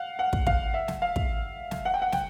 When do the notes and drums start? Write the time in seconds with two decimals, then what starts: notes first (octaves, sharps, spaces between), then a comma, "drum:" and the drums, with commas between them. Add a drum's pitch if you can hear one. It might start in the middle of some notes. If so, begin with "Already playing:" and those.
Already playing: F5 F#5
0.19 F#5
0.33 drum: kick
0.47 F5, drum: kick
0.74 E5
0.88 drum: snare
1.02 F5
1.16 drum: kick
1.71 drum: snare
1.85 F#5
1.94 G5
2.02 F#5
2.12 G5, drum: snare